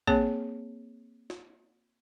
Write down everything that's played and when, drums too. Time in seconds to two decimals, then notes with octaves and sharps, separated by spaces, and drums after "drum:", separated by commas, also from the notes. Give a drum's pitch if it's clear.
0.07 A#3 C4 G#4 C#5 A5, drum: kick
1.30 drum: snare